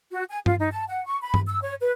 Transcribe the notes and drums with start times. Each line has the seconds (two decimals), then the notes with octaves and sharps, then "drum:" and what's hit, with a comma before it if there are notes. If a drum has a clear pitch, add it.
0.11 F#4
0.29 G#5
0.46 F4, drum: tom G2
0.58 D#4
0.72 A5
0.88 F#5
1.06 C#6
1.22 B5
1.34 drum: tom G2
1.48 E6
1.61 C#5
1.80 B4